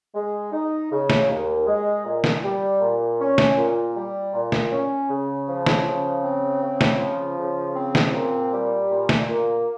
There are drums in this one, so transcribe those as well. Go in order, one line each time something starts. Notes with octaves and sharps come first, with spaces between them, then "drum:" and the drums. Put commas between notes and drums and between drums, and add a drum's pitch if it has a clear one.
G#3
D#4
C#3
drum: snare
D#2
G#3
A#2
drum: snare
G3
A#2
C#4
drum: snare
A#2
G3
A#2
drum: snare
C#4
C#3
F3
drum: snare
C#3
C4
C#3
drum: snare
F3
C#3
C4
drum: snare
A#2
G3
A#2
drum: snare
A#3